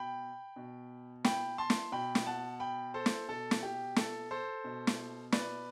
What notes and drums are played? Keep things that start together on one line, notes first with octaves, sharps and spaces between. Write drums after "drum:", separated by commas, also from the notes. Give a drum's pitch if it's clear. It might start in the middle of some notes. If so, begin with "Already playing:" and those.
Already playing: B2 G5 B5
B2
G5 B5, drum: snare
A5 C6
drum: snare
B2 G5 B5
drum: snare
F#5 A5
G5 B5
A4 C5
drum: snare
B2 A4
drum: snare
G4
A4, drum: snare
A4 C5
B2
drum: snare
B4 D5, drum: snare